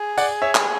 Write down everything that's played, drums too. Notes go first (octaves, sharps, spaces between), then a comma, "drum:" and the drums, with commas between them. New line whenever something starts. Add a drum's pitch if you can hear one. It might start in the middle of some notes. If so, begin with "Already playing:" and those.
Already playing: G#4
D5 F#5, drum: tambourine
C#5 E5
drum: clap